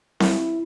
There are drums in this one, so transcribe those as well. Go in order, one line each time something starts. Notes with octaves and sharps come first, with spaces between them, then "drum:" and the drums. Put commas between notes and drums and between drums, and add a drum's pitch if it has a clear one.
E4, drum: snare C4